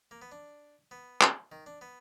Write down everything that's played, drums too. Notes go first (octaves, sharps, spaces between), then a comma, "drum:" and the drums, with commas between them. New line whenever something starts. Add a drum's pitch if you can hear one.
A#3
B3
D4
B3
drum: clap
D#3
D4
B3